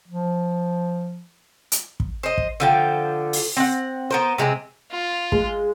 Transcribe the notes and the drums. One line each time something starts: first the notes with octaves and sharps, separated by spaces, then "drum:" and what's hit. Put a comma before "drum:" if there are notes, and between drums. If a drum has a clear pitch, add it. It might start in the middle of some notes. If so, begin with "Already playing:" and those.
F3
drum: hi-hat
drum: kick
C5 D#5
drum: kick
D3 F3 G5
drum: open hi-hat
C4 F#5
B3 A#4 C5
C3 G#3 B3 C4
F4
G#3, drum: kick